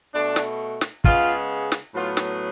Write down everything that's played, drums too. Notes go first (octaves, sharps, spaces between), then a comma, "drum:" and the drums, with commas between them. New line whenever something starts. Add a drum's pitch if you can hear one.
B2 A3 D4
drum: snare
drum: snare
C#3 G#3 B3 F4, drum: kick
drum: snare
A2 F#3 B3 F4
drum: snare